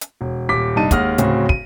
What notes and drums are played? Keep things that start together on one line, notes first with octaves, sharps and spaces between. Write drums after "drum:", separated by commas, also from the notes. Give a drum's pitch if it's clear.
drum: hi-hat
E1
D#1 D6 B6
F1 G2 D4 D#4 A5 D#7
D#2 G#3 F#5 D#6 F6 A#6, drum: kick, hi-hat
D1 A2 C#3 C4 F#4, drum: hi-hat
D#7, drum: kick